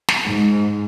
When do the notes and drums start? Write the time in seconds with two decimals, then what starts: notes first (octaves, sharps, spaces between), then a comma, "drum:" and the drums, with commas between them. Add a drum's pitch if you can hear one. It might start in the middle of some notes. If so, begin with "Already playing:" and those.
0.08 drum: snare
0.25 G#2